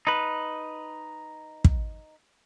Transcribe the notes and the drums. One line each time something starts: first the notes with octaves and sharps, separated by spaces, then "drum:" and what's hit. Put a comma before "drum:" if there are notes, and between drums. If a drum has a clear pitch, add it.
D#4 B4
drum: kick